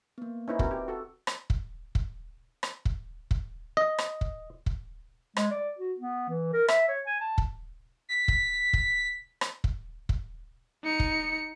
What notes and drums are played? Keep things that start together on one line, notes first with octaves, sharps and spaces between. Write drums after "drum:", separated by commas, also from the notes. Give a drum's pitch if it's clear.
A#3 B3
C#4 D#4 E4 B4 C5 E5
C4 F#4 A#4, drum: kick
G4
F#4 A4
drum: rim click
drum: kick
drum: kick
drum: rim click
drum: kick
drum: kick
D#5
drum: rim click
drum: kick
drum: kick
G#3, drum: rim click
D5
F#4
B3
E3
A#4
E5, drum: rim click
C#5
G#5
A5
drum: kick
B6
drum: kick
drum: kick
drum: rim click
drum: kick
drum: kick
D#4 C#7
drum: kick